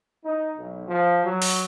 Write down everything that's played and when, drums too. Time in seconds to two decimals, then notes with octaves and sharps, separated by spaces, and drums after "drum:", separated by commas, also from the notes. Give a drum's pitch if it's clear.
0.25 D#4
0.57 B1
0.88 F3
1.25 F#3
1.42 drum: open hi-hat